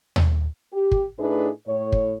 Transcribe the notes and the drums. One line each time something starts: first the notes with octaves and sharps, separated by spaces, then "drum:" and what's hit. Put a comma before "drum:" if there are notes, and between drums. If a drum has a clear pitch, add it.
drum: tom D#2
G4
drum: kick
A2 A3 D4 D#4 G#4 B4
A2 C#5
drum: kick